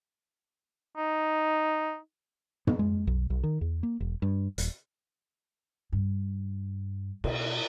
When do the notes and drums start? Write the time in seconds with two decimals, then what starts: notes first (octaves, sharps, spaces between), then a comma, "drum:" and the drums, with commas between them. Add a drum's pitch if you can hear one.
0.97 D#4
2.67 B3, drum: tom
2.79 G#3
3.07 B1
3.30 B1
3.43 D#3
3.61 E2
3.83 A#3
4.00 E1
4.22 G2
4.58 D#1, drum: hi-hat
5.92 G2
7.24 B2, drum: cymbal